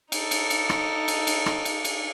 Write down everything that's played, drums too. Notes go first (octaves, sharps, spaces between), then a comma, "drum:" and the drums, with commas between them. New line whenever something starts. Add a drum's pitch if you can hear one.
D#4 A4, drum: cymbal
drum: cymbal
drum: cymbal
drum: rim click
drum: cymbal
drum: cymbal
drum: rim click
drum: cymbal
drum: cymbal